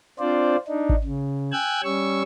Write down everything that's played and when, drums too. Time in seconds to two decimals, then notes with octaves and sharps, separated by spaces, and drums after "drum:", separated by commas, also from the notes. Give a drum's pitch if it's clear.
0.19 C4 D4 F4 C5 D5
0.68 D4 D#4
0.89 drum: kick G#1
1.04 C#3
1.52 G5 G#5 E6 F#6 G#6
1.84 G3 C#4 C#6 E6